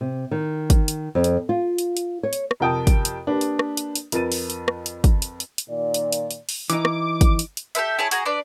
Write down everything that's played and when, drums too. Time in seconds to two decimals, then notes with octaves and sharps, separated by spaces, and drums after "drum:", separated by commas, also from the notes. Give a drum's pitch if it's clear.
0.01 C3
0.31 D#3
0.70 drum: kick, hi-hat
0.88 drum: hi-hat
1.15 F2
1.24 drum: hi-hat
1.49 F4
1.78 drum: hi-hat
1.97 drum: hi-hat
2.23 C#5
2.33 drum: hi-hat
2.51 drum: rim click
2.60 F2 C3 A#4 G5 A5 D#6
2.87 drum: kick, hi-hat
3.05 drum: hi-hat
3.27 A#3 D4 G4 B4
3.41 drum: hi-hat
3.59 drum: rim click
3.77 drum: hi-hat
3.95 drum: hi-hat
4.12 F2 A#4 B4 A6 D#7, drum: hi-hat
4.32 drum: open hi-hat
4.50 drum: hi-hat
4.68 drum: rim click
4.86 drum: hi-hat
5.04 drum: kick, hi-hat
5.22 drum: hi-hat
5.40 drum: hi-hat
5.58 drum: hi-hat
5.69 A#2 D#3 D5
5.94 drum: hi-hat
6.12 drum: hi-hat
6.31 drum: hi-hat
6.49 drum: open hi-hat
6.70 E3 D#4 D6, drum: hi-hat
6.85 drum: rim click
7.21 drum: kick, hi-hat
7.39 drum: hi-hat
7.57 drum: hi-hat
7.75 G4 A4 B4 E5, drum: hi-hat
7.99 E4 G#4 C#5 A5
8.11 F#4 G#4 A#5, drum: hi-hat
8.25 D4 B4 D5